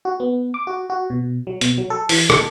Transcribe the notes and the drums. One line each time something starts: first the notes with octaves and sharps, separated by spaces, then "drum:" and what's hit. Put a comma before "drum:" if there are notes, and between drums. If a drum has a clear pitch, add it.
F#4
B3
D6
F#4
F#4
B2
F#3
B2, drum: hi-hat
F#3
A4
E3, drum: open hi-hat
A5, drum: rim click